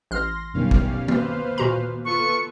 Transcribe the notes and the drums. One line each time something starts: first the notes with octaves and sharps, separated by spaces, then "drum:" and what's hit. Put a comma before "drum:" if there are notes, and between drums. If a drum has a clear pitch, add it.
A1 C6 F6 A#6
F#2 B2 D#3 G3 C#4 F5
drum: kick
B4 C5 F5, drum: tom D#3
A#2 F#4 A#5
F4 A4 B4 C#6